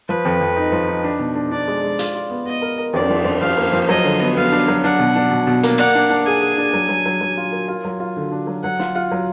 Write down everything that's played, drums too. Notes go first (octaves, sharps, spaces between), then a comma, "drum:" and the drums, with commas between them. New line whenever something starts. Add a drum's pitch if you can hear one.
F3 B4
F2
F2
D#4
F3
D#4
D4
B2
D4
D4 D5
G#3
G#3
F4, drum: hi-hat
F4
B3
B3 D#5
A#4
A#4
F2 D5, drum: cymbal
F3
F3
F3 F5
A#3
F3
F#3 D#5
D3
B3
B3 F5
D4
F#3
D4 F#5
B2
D4
B2
B2
A#3, drum: hi-hat
D5 F#5, drum: cymbal
D4
D4
G#4 G#5
G#4
D4
F#3
F#3
F#3
F#3
F4
A#4
F4
F#3
F4
D3
D4
F#3
F#3 F#5
F4, drum: snare
F4
F#3